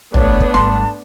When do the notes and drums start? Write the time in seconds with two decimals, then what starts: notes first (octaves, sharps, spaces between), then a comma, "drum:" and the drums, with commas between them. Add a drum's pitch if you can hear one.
0.14 E2 A3 B3 D4 C#5, drum: tom
0.40 drum: kick
0.54 G#1 G3 A5 C6, drum: snare